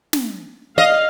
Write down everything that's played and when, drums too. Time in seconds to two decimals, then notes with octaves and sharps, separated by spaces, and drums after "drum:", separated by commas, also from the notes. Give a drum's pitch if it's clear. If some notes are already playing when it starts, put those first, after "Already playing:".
0.13 drum: snare
0.78 D#5 F5